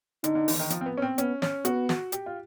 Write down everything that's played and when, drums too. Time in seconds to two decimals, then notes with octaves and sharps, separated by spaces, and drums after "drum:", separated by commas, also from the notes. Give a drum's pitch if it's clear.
0.24 D3 D#4, drum: hi-hat
0.35 D3
0.48 E3, drum: open hi-hat
0.54 D3
0.59 D#3
0.70 F3, drum: hi-hat
0.81 C4
0.86 B3
0.98 C#4
1.02 C4
1.18 B3 C#4, drum: hi-hat
1.42 C#4, drum: snare
1.65 B3 F#4, drum: hi-hat
1.89 F#4, drum: snare
2.12 G4, drum: hi-hat
2.26 F4